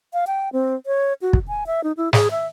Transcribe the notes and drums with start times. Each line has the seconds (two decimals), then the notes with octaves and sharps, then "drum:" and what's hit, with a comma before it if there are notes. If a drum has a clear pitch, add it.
0.13 F5
0.27 G5
0.53 C4
0.86 C#5
1.22 F#4
1.33 drum: kick
1.48 G#5
1.67 E5
1.84 D#4
1.97 E4
2.13 G#4, drum: snare
2.31 E5